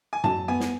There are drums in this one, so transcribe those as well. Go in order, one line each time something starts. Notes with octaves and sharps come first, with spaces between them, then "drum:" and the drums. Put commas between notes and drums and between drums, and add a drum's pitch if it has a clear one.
G#5
F#3 A5, drum: tom F#2
B3 G#5
drum: snare